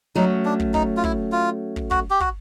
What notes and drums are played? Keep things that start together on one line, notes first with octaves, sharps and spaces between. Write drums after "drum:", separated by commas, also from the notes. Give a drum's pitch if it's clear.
F#3 A3 C#4 D#4
D4
drum: kick
D#4, drum: kick
F4
E4, drum: kick
F4
drum: kick
F#4, drum: kick
G4
F#4, drum: kick